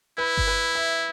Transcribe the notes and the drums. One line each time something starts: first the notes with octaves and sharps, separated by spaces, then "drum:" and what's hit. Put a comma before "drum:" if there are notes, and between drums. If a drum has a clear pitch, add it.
E4 B4
drum: kick G1
B4
E5